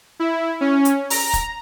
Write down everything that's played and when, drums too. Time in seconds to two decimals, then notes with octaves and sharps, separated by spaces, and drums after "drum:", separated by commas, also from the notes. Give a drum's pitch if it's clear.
0.20 E4
0.61 C#4
0.85 drum: hi-hat
1.10 A#5, drum: open hi-hat
1.33 drum: kick, hi-hat